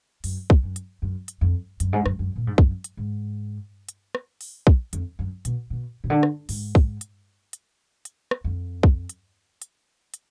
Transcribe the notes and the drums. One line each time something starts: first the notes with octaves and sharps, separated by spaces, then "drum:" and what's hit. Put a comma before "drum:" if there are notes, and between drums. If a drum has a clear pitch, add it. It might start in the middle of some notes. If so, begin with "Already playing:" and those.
F#2, drum: open hi-hat
drum: kick
F#2
drum: hi-hat
F#2
drum: hi-hat
F2
F#2, drum: hi-hat
G#2
F#2, drum: rim click
F#2
A#2
G#2
F#2, drum: kick
drum: hi-hat
G#2
drum: hi-hat
drum: rim click
drum: open hi-hat
drum: kick
F2, drum: hi-hat
F#2
B2, drum: hi-hat
B2
B2
D3
drum: rim click
G#2, drum: open hi-hat
drum: kick
drum: hi-hat
drum: hi-hat
drum: hi-hat
drum: rim click
F2
drum: kick
drum: hi-hat
drum: hi-hat
drum: hi-hat